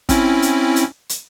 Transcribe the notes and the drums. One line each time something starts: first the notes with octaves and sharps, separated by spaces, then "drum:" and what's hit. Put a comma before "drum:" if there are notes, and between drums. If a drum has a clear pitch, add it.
C4 C#4 E4, drum: kick, hi-hat
drum: hi-hat
drum: hi-hat
drum: hi-hat